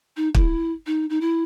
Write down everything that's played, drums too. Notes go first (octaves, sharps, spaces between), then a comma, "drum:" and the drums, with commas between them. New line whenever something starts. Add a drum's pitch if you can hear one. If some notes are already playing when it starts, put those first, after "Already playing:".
D#4
E4, drum: kick
D#4
D#4
E4